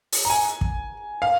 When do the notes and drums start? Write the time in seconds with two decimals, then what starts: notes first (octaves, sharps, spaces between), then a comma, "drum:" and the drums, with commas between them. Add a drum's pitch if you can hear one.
0.13 drum: open hi-hat
0.25 A#5
0.30 G#5
0.61 drum: kick
1.22 F5